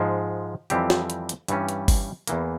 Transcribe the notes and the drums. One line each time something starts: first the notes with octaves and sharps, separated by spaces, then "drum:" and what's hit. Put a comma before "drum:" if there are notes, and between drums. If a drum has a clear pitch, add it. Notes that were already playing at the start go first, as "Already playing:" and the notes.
Already playing: G#2 F3 G#3
F2 E3 G3 C4 G4, drum: hi-hat
drum: snare F4
drum: hi-hat
drum: hi-hat
G2 E3 G3 C#4, drum: hi-hat
drum: hi-hat
drum: kick G1, open hi-hat
E2 E3 A#3, drum: hi-hat